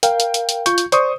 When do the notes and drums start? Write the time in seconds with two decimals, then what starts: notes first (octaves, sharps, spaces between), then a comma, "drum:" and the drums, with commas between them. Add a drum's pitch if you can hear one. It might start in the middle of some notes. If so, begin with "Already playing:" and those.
0.03 A#4 F5 G5, drum: hi-hat
0.20 drum: hi-hat
0.34 drum: hi-hat
0.49 drum: hi-hat
0.66 F4 C#6 G6, drum: hi-hat
0.78 drum: hi-hat
0.92 C5 D5 C#6 D#6, drum: hi-hat